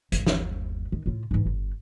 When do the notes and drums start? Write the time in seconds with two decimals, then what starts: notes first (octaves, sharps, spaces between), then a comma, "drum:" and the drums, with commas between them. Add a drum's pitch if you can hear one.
0.12 G1 D#2, drum: hi-hat
0.26 drum: snare
0.92 D#3
1.06 A2 F4
1.31 G#2 E3
1.45 G1